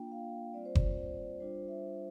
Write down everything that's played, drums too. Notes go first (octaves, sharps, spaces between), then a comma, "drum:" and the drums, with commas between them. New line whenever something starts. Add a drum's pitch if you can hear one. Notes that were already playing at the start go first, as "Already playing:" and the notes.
Already playing: A#3 D4 F4 G5
F5
G3 C4 F4 D5
C5
D5, drum: kick F#1
C5
G3 D4 F4 C5
E5